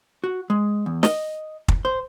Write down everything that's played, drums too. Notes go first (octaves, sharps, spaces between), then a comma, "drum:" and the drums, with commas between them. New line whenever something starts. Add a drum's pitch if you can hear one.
F#4
G#3
E2
D#5, drum: snare
drum: kick
C5